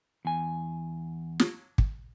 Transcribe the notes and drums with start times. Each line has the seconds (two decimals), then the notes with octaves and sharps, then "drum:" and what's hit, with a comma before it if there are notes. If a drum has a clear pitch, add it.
0.25 E2 G#5
1.40 drum: snare
1.78 drum: kick